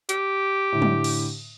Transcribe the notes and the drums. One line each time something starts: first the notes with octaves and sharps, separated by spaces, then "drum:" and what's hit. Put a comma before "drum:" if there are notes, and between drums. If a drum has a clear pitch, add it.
G4, drum: hi-hat
A2 D3
drum: tom
drum: cymbal